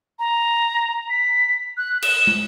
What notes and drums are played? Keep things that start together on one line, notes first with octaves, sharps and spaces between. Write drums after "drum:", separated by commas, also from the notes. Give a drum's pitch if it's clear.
A#5
B6
F#6
E7, drum: cymbal
drum: tom